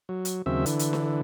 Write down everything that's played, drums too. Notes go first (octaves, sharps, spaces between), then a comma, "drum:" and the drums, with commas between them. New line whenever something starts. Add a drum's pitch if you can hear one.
F#3
drum: hi-hat
D#2 C#3 F#3 C4 E5
D3 E3, drum: hi-hat
drum: hi-hat
drum: snare D4